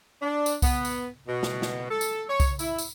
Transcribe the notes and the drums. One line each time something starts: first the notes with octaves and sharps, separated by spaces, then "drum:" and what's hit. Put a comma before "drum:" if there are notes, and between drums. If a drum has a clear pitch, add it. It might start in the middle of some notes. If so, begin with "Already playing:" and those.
D4
drum: tambourine
B3, drum: kick C2, tambourine
drum: tambourine
B2
drum: snare
drum: snare
A4
drum: tambourine
C#5
drum: kick C2, tambourine
E4, drum: tambourine
drum: tambourine